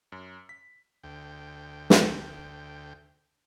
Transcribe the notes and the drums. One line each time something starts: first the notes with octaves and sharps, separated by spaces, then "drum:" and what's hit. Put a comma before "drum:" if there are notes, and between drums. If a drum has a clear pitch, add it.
F#2
B6
D2 G5
drum: snare